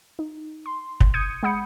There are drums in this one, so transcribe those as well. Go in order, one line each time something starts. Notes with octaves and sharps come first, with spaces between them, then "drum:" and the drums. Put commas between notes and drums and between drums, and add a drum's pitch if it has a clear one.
D#4
C6
drum: kick
D#6 G6 G#6 C#7 D#7
G#3 F#5 B5 D#6 G6 C#7